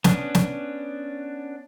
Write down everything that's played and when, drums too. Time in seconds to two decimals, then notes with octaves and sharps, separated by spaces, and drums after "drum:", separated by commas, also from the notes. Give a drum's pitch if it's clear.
0.04 B3 C#4 D4, drum: snare
0.35 drum: snare